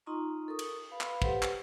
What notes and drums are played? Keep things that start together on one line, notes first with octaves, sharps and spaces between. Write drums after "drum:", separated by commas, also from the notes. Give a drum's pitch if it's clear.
D#4 F4 D#5 A#5 C6 C#6
A4 A#4 C#6 D#6
drum: cymbal
B4 F5 B5
drum: clap
G4 A4 B4 C5 F#5 C6, drum: kick
drum: clap